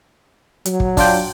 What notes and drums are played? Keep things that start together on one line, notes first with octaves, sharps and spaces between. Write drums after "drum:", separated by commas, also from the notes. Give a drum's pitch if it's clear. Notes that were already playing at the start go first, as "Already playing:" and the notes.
F#3, drum: hi-hat
drum: kick
D4 F4 G5, drum: kick, open hi-hat